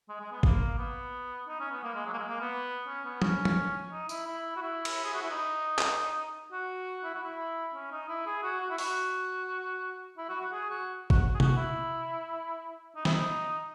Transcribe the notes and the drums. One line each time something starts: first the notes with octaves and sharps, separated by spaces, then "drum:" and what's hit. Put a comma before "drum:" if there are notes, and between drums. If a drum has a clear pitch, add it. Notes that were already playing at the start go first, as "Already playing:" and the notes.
G#3
G#3
B3
A#3, drum: kick
B3
D#4
C#4
B3
A#3
G#3
F#3
A#3
G#3
A#3
B3
C#4
B3
C#4, drum: tom F3
drum: tom F3
D#4
E4, drum: tambourine
E4
F#4
E4
drum: cymbal
G#4
F#4
E4
D#4
drum: clap
F#4
E4
F#4
E4
C#4
D#4
E4
G#4
F#4
F#4
E4
F#4, drum: open hi-hat
E4
F#4
F#4
G#4
F#4
F#4, drum: kick
G#4
F#4, drum: tom C3
E4
D#4
E4, drum: snare
D#4